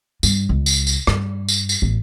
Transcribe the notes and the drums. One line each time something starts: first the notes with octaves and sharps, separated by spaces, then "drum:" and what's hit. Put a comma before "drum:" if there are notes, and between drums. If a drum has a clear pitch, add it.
G2, drum: tambourine
C#2
drum: tambourine
drum: tambourine
G2, drum: rim click
drum: tambourine
drum: tambourine
A1